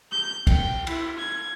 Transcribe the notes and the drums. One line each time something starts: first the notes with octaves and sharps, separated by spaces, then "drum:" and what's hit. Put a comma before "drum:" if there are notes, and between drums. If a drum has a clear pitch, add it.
G6
G5, drum: kick, cymbal
E4, drum: cymbal
G#6